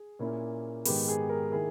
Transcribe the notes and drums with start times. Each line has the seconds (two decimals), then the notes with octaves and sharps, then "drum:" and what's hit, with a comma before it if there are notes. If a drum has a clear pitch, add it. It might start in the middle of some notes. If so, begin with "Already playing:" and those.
Already playing: G#4
0.19 A#2 A#3 C#4 E4
0.85 G#2 D#3 G#3 B3 G4, drum: open hi-hat
1.08 G#4
1.29 A#4
1.52 D#3 A#3 E4 G#4